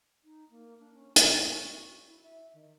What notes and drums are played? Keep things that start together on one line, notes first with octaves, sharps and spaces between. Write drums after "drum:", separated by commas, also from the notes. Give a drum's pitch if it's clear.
D#4
A#3
D4
C#4
F#4, drum: hi-hat
C#4
F#4
E4
E5
D#3